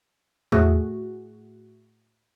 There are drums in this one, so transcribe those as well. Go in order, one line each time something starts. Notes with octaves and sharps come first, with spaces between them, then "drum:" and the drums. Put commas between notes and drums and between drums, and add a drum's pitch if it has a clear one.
A2 A3 F#4 G#4, drum: tom E2